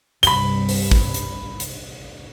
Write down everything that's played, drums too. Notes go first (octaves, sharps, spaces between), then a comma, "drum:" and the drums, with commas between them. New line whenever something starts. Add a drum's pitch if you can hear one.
C2 G2 B5 G7, drum: hi-hat
drum: open hi-hat
drum: kick
drum: hi-hat
drum: hi-hat